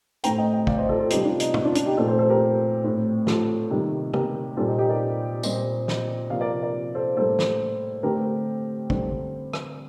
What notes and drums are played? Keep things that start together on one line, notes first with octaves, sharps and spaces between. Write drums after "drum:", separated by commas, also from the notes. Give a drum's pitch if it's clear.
A2 A3 C4 G5 A#5, drum: hi-hat
D#5 G5
D#5 G5
D5 F5, drum: kick
C5 D#5
F4 A4
F4 A4
C3 G3 C4 D#4 G4, drum: hi-hat
D4 F4
D#4, drum: hi-hat
D#4, drum: tom
D4 F4
D4 F4, drum: hi-hat
D#4 G4
A#2 F3 A3 C4 F4 A4
A4 C5
A4 C5
G4 A#4
A2 A3 C4
F4 A4, drum: snare
C3 D#3 G3 A#3
G4 A#4, drum: tom
A#2 G3 C4 F4 A4
D#4 G4
D#4 G4
A#4 D5
A#2 G3 C4 C5 D#5, drum: tambourine
drum: snare
C3 F3 A#3 D5 F5
A#4 D5
A#4 D5
A4 C5
A2 G3 A#3 A4 C5
drum: snare
D3 A3 C4 G4 A#4
D3 G3 C4, drum: kick
drum: rim click